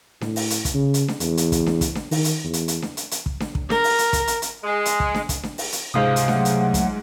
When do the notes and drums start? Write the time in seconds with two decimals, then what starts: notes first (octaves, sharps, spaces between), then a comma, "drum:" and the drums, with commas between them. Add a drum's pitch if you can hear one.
0.21 A2, drum: snare D4
0.36 drum: open hi-hat
0.50 drum: hi-hat
0.65 drum: kick, hi-hat
0.74 C#3
0.94 drum: hi-hat
1.08 drum: snare D4
1.20 E2, drum: hi-hat
1.37 drum: hi-hat
1.52 drum: kick, hi-hat
1.66 drum: snare D4
1.81 drum: kick, hi-hat
1.95 drum: snare D4
2.11 D#3, drum: open hi-hat
2.24 drum: hi-hat
2.44 E2
2.53 drum: hi-hat
2.68 drum: hi-hat
2.82 drum: snare D4
2.97 drum: hi-hat
3.11 drum: hi-hat
3.26 drum: kick
3.40 drum: snare D4
3.55 drum: kick
3.70 A#4, drum: snare D4
3.84 drum: open hi-hat
3.98 drum: hi-hat
4.13 drum: kick, hi-hat
4.27 drum: hi-hat
4.42 drum: hi-hat
4.64 G#3
4.85 drum: hi-hat
5.00 drum: kick
5.14 drum: snare D4
5.29 drum: kick, hi-hat
5.43 drum: snare D4
5.58 drum: open hi-hat
5.72 drum: hi-hat
5.94 C#2 G#2 C3 G#3 C5 F5 D#6
6.16 drum: hi-hat
6.28 F#3 A3 F#5, drum: snare D4
6.45 drum: hi-hat
6.74 drum: kick, hi-hat